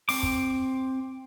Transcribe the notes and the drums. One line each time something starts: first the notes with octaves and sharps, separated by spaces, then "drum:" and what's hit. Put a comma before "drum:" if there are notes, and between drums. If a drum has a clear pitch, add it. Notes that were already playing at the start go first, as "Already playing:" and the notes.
C4 D6, drum: open hi-hat
drum: kick